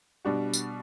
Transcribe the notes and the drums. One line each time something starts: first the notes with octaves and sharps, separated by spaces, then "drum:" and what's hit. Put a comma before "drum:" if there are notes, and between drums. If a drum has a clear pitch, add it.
B2 G3 D4 F#4
drum: tambourine